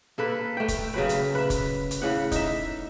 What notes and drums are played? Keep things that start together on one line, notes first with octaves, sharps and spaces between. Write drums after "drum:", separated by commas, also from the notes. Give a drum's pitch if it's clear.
A#3 A4 B4
A3 G5
drum: kick, hi-hat
C#3 F#3 B4
drum: hi-hat
B4 E5
drum: kick, hi-hat
drum: hi-hat
A2 C#3 F#5
D#4 E5, drum: kick, hi-hat